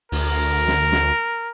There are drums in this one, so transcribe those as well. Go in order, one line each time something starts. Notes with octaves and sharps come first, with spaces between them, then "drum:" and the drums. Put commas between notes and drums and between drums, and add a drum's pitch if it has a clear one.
D2 A#4, drum: open hi-hat
drum: snare
drum: snare